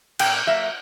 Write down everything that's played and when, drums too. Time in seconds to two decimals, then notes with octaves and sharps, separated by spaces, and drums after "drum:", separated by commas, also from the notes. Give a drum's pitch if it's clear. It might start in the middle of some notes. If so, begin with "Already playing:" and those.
0.19 A#2 G5, drum: cymbal
0.47 F#3 A#3 E5